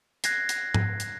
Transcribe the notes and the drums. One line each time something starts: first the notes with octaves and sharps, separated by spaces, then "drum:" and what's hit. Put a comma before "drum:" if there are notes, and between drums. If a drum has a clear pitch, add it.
F#6 G#6 A#6 C7, drum: hi-hat
drum: hi-hat
drum: tom G#2
drum: hi-hat